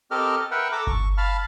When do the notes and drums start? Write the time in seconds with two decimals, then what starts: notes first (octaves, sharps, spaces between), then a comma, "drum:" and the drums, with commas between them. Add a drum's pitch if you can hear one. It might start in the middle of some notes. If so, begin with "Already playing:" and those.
0.11 C4 G4 A4 A#4 D#5 F6
0.51 A#4 B4 E5 F#5 G5
0.72 A4 A#5 D6 E6
0.87 C#6, drum: kick G1
1.18 F5 A5 B5 F6